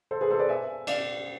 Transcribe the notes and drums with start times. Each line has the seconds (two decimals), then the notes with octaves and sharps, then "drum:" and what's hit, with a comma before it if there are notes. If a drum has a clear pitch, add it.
0.11 A4 C5
0.21 G#4 B4
0.31 A4 C5
0.39 B4 D5
0.49 E5 G#5
0.87 D5 F5, drum: cymbal